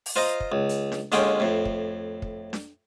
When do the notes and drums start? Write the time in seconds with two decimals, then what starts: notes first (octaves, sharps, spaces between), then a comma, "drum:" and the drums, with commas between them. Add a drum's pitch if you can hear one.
0.06 drum: open hi-hat
0.16 F4 C5 D#5 F5 A#5
0.40 drum: kick
0.52 C#2
0.69 drum: hi-hat
0.92 drum: snare D4
1.12 D#2 D3 G#3 C#4 F4 G5, drum: hi-hat
1.40 F2 A2
1.65 drum: kick
2.22 drum: kick
2.53 drum: snare D4